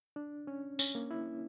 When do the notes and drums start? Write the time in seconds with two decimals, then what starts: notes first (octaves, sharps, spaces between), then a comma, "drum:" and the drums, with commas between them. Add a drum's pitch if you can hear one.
0.16 D4
0.47 C#4
0.79 C#4, drum: tambourine
0.95 A#3
1.11 E4